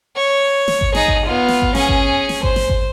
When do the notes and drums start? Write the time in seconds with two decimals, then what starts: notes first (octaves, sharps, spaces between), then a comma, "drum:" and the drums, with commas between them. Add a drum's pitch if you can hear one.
0.16 C#5
0.68 drum: snare
0.81 drum: kick G#1
0.95 D#4 G#4, drum: snare
1.08 drum: kick G#1
1.26 B3 F4
1.48 drum: snare
1.62 drum: kick G#1
1.75 C#4 G#4, drum: snare
1.89 drum: kick G#1
2.29 drum: snare
2.43 C5, drum: kick G#1
2.56 drum: snare
2.69 drum: kick G#1